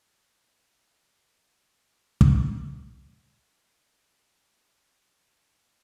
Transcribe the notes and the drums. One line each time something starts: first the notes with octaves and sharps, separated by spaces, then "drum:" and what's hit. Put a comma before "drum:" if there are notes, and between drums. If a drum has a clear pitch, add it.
B3
D4
C#4
D#6
D3 G#5 C7
drum: kick
C#4 C5 C#5